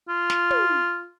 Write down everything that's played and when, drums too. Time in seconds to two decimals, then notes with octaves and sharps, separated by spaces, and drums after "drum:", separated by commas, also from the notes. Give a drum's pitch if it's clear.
0.09 F4
0.30 drum: snare
0.51 drum: tom